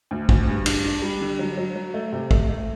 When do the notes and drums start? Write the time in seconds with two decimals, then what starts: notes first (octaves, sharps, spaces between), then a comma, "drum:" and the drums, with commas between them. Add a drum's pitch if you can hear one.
0.11 D2
0.29 D2, drum: kick
0.48 G2
0.66 D4, drum: cymbal
0.84 D4
1.02 G3
1.21 D3
1.39 F#3
1.57 F#3
1.76 F#3
1.94 A3
2.13 C3
2.31 A3, drum: kick
2.49 A3